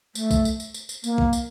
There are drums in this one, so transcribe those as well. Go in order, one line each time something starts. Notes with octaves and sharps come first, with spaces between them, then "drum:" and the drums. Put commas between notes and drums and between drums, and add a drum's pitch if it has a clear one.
A3, drum: tambourine
drum: kick, tambourine
drum: tambourine
drum: tambourine
drum: tambourine
drum: tambourine
A#3, drum: tambourine
drum: kick
drum: tambourine